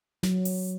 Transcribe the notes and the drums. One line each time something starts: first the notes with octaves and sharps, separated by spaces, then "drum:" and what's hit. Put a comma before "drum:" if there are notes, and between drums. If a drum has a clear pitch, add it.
F#3, drum: snare
drum: open hi-hat